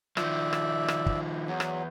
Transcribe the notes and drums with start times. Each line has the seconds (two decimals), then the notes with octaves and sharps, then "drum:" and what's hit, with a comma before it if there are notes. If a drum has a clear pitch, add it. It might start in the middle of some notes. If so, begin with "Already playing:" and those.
0.17 D#3 F3 D5 E5, drum: rim click
0.53 drum: rim click
0.88 drum: rim click
1.06 drum: kick
1.48 E2 F#3
1.60 drum: rim click